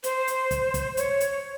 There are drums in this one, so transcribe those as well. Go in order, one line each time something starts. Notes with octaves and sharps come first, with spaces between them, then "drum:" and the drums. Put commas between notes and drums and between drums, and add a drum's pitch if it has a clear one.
C5, drum: hi-hat
drum: hi-hat
drum: kick, hi-hat
drum: kick, hi-hat
C#5, drum: hi-hat
drum: hi-hat